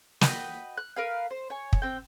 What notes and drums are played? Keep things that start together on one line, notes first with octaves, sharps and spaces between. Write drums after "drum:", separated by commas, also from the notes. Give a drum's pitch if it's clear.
F#4 B4 D#5 G5, drum: snare
F#6
A#4 B4 F5
C5
C#5 G#5
drum: kick
C4 G5